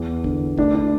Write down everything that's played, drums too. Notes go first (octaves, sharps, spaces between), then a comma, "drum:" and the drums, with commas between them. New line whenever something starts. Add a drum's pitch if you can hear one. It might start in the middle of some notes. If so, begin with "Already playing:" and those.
Already playing: E2
D3, drum: kick G#1
D2 D4, drum: kick G#1
D4